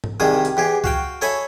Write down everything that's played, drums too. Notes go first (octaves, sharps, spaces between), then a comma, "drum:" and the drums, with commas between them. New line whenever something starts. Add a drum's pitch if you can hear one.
drum: tom G#2
C2 D#3 G3 G#4 D#6
drum: hi-hat
E2 G4 G#4
F#4 F5 G5, drum: kick C2
A4 C#5 D#5 E5 G#5 B5